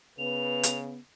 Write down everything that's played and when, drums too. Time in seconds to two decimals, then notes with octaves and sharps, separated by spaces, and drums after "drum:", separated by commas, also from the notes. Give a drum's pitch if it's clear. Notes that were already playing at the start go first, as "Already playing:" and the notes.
0.19 C#3 B3 B4 F7
0.63 drum: hi-hat